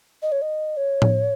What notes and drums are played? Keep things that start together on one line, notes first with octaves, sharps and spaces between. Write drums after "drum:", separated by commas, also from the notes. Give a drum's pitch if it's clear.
D#5
C#5
D#5
C#5
drum: tom A2